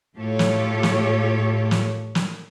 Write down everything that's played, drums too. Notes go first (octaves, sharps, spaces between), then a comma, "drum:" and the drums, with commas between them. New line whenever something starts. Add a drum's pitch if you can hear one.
A2 F4 G4 A4 C#5
drum: snare
drum: snare
drum: snare
drum: snare